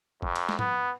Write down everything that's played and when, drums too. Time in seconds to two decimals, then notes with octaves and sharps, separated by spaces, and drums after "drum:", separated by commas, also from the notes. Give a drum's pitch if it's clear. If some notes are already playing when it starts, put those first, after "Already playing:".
0.22 F2, drum: kick
0.36 drum: cymbal
0.49 drum: snare G#3
0.59 B3, drum: tom